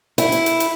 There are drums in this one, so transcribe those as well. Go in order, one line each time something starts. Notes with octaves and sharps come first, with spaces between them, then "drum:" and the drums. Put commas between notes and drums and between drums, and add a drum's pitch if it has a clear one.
E4, drum: hi-hat
drum: hi-hat
drum: hi-hat
drum: hi-hat